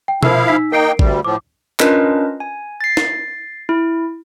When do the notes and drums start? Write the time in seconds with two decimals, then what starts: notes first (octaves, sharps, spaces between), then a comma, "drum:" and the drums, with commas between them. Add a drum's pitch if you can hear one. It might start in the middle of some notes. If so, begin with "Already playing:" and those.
0.08 G5
0.23 F3 E4 A#4 F5 E6, drum: tom B2
0.48 D#4 E6 B6
0.72 A#3 D#4 A#4 G5 C7 D7
0.99 D2 G3, drum: kick G#1
1.24 A2 F3 D6
1.80 C#4 D4 F4 A#4 B4 D#5, drum: clap
2.40 G#5
2.81 A6 C7
2.97 drum: snare
3.69 E4